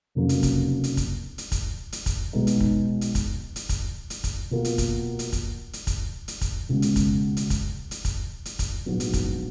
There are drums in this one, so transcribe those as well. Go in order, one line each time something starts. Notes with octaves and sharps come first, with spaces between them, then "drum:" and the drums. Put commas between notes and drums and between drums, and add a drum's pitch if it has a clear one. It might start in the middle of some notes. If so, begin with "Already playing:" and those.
F1 F2 C#3 F#3 A#3
drum: hi-hat
drum: kick, hi-hat
drum: hi-hat
drum: kick, hi-hat
drum: hi-hat
drum: kick, hi-hat
drum: hi-hat
drum: kick, hi-hat
B1 B2 G#3 B3 D#4
drum: hi-hat
drum: kick
drum: hi-hat
drum: kick, hi-hat
drum: hi-hat
drum: kick, hi-hat
drum: hi-hat
drum: kick, hi-hat
B2 A#3 F4 A#4
drum: hi-hat
drum: kick, hi-hat
drum: hi-hat
drum: kick, hi-hat
drum: hi-hat
drum: kick, hi-hat
drum: hi-hat
drum: kick, hi-hat
C#2 B2 G#3
drum: hi-hat
drum: kick, hi-hat
drum: hi-hat
drum: kick, hi-hat
drum: hi-hat
drum: kick, hi-hat
drum: hi-hat
drum: kick, hi-hat
A#1 G#2 F#3 B3
drum: hi-hat
drum: kick, hi-hat